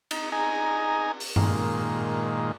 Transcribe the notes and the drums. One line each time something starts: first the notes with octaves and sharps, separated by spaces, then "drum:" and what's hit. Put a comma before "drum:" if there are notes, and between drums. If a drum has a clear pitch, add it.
D#4, drum: cymbal
D#4 G#4 G#5 A#5
drum: open hi-hat
A#2 D#3 G#3, drum: tom G2